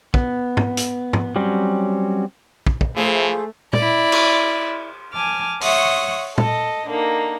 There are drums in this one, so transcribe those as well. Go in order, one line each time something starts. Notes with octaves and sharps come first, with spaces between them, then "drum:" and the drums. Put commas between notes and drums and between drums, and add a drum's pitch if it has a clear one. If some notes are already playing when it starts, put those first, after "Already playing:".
B3, drum: kick
drum: tom
drum: hi-hat
drum: tom
F#3 G3 C4 C#4
drum: kick
drum: kick
E3 F3 A3 G#4 C5
E4 D5, drum: tom
drum: cymbal
G#5 A5 D6 F6
C#5 E5 F#5 C6 C#6 D#6, drum: open hi-hat
A4 D#5, drum: tom
D3 A#3 D#4